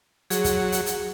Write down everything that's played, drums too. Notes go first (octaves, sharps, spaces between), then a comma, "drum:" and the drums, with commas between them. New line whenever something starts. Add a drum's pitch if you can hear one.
F#3 G#4, drum: hi-hat
drum: kick, hi-hat
drum: hi-hat
drum: hi-hat